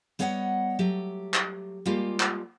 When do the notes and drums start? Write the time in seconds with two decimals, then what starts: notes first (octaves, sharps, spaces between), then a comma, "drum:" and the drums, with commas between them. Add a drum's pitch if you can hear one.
0.19 G3 B3 C#5 D#5 F5 F#5
0.79 F#3 A3 G4
1.34 drum: clap
1.86 G3 G#3 A#3 F4 G4
2.20 drum: clap